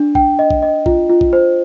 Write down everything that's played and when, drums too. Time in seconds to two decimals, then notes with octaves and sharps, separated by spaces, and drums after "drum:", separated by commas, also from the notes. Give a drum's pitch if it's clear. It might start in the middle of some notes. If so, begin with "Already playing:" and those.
Already playing: D4
0.15 G5, drum: kick A#1
0.39 D#5
0.50 drum: kick A#1
0.62 D#5
0.86 F4, drum: kick A#1
1.09 F4
1.21 drum: kick A#1
1.33 C5